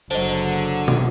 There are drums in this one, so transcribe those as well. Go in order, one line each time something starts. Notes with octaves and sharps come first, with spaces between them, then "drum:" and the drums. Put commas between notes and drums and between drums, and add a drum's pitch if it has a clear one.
F#1 D3 F#3 C5 D#5
drum: tom